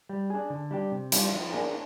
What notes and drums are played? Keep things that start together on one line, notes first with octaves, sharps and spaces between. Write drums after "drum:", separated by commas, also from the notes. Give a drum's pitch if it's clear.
G3
D4 G#4
D3
G3 D4 G4
C3
G3 D4 F4, drum: hi-hat
F3
A#3 D4 G#4